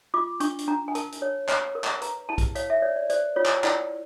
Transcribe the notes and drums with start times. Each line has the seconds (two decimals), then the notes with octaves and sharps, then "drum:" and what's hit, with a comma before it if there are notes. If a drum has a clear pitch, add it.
0.14 F4 D6
0.40 D4 C#6, drum: hi-hat
0.59 drum: hi-hat
0.68 D4 A#5
0.88 G#5
0.95 A#4 A5, drum: hi-hat
1.12 drum: hi-hat
1.22 C#5
1.49 C#5, drum: clap
1.75 A#4
1.84 drum: clap
2.02 B4 A#5, drum: hi-hat
2.29 E4 A5
2.38 drum: kick B1, hi-hat
2.55 C#5 F5, drum: hi-hat
2.70 E5
2.82 C#5 D5
2.96 D5
3.10 C5 D5, drum: hi-hat
3.36 F4 C#5
3.46 drum: clap
3.64 E4 D5, drum: clap